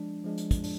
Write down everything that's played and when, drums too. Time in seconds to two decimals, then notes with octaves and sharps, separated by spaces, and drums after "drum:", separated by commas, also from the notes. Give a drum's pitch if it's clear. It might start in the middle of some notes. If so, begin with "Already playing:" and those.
Already playing: F3 G#3 D4
0.24 F3 G#3 D4
0.38 drum: hi-hat
0.51 drum: kick, hi-hat
0.64 D4, drum: open hi-hat